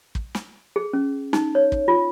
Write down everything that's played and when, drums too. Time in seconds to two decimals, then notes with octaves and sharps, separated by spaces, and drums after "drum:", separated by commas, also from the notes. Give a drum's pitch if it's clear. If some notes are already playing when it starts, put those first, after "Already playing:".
0.15 drum: kick
0.35 drum: snare
0.76 G#4
0.93 C#4
1.33 D#4, drum: snare
1.55 C#5
1.72 drum: kick
1.88 F4